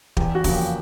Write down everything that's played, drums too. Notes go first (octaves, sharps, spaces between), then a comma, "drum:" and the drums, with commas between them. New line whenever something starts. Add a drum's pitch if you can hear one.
E2 G4, drum: kick
F#4
C#3 F3 A#3, drum: kick, open hi-hat
G4